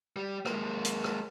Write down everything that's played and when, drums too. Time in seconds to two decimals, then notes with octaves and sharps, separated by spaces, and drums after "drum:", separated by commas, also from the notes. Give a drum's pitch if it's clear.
0.16 G3
0.45 G#3 A#3, drum: rim click
0.85 drum: hi-hat
1.04 drum: rim click